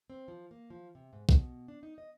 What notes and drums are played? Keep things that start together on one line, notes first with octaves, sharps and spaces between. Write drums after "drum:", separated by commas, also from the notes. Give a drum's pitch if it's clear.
C4
F3
A#3
F3
C3
G#2
B2, drum: kick
D4
D#4
D#5